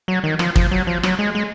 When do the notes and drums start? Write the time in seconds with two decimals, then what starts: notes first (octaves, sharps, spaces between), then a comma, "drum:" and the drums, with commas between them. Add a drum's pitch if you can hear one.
0.08 F#3
0.24 D#3
0.39 F3, drum: rim click
0.56 F3, drum: kick
0.71 F#3
0.87 F3
1.03 F#3, drum: rim click
1.19 G#3
1.35 G#3